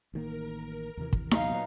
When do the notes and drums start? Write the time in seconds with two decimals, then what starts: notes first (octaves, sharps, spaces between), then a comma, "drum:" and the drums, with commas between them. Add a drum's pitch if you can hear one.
0.14 A1 D#3 A#3 A#4
0.97 D#2 C3 E3
1.13 drum: kick
1.31 A#2 F#3 B3 D#4 F5, drum: snare D#4